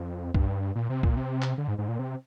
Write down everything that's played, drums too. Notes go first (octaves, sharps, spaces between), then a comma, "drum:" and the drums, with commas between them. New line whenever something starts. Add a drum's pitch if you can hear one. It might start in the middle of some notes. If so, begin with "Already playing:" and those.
Already playing: F2
G2, drum: kick B1
A#2
C3
A#2, drum: kick B1
C3
drum: clap
D3
G#2
G#2
A#2
C3